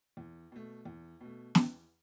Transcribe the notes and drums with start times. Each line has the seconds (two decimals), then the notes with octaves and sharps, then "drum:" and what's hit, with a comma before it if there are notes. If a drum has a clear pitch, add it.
0.17 E2
0.52 B2 A3
0.85 E2
1.21 B2 A3
1.55 E2, drum: snare